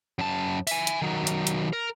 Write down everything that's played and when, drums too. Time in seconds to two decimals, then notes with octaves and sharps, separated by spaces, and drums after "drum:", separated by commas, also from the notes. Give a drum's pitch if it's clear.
0.19 F#2 A5
0.67 E5 G#5, drum: open hi-hat
0.87 drum: hi-hat
1.02 D#3 F#3
1.27 drum: hi-hat
1.47 drum: hi-hat
1.73 A#4